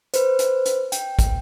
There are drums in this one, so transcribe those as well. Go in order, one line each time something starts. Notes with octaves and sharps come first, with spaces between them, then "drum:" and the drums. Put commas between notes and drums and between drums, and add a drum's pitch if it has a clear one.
B4 C5, drum: hi-hat
drum: hi-hat
drum: hi-hat
G5, drum: hi-hat
drum: kick, hi-hat